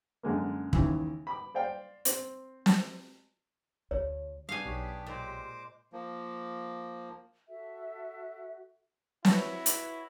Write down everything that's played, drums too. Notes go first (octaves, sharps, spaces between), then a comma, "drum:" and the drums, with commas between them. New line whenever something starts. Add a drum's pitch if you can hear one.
F#2 D3 G#3 A#3
D#2 C#3 E3, drum: kick
B5 D6
C5 D5 F5 G5
C4, drum: hi-hat
drum: snare
D2 C#5
G2 C3 B3 D4 G#4 F5 G#5
B1 G4 C#5 B6
A#2 G#3 C5 D6
F3 A#3
F#4 A4 E5
E4 F#4 B4 C#5, drum: snare
drum: hi-hat